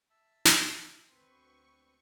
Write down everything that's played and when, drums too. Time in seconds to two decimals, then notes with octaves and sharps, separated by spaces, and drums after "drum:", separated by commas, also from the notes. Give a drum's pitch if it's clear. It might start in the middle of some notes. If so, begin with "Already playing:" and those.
0.11 E5 A5 E6
0.45 drum: snare
1.08 D2 B3 C4 B4 C6 C#6